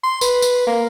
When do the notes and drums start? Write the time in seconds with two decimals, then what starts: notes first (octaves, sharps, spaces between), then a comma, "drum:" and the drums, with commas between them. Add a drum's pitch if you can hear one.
0.03 C6
0.21 B4, drum: tambourine
0.42 drum: tambourine
0.67 A#3